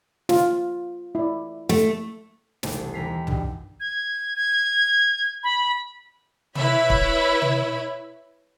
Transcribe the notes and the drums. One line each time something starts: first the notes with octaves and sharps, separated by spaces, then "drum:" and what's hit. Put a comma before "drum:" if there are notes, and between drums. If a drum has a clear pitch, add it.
F4, drum: snare
E4 D5
A3, drum: snare
E1 C2 A3, drum: snare
D#2 E3 A#5 B6 C7
G2 B2, drum: tom
G#6
G#6
B5
E4 B4 C#5 E5 B5, drum: tom
drum: kick
drum: tom